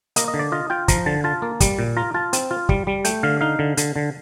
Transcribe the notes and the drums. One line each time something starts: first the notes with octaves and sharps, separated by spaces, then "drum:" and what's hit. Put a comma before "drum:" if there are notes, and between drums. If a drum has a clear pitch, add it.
A#3 D#5, drum: hi-hat
D#5
D3
D5
F4 D#5
F4 G5
F3 A#5, drum: kick, hi-hat
D3 A5
F4 A5
A#3
G3, drum: kick, hi-hat
A#2
F4 A#5
F4 A5
C4, drum: hi-hat
F4
G3, drum: kick
G3
A3 G5, drum: hi-hat
D3 F5
D#4 F5
D3
D3, drum: hi-hat
D3